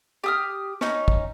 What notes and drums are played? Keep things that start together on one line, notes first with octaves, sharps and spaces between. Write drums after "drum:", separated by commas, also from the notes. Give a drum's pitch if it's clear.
G4 D#6 F6
C#4 D#4, drum: snare
drum: kick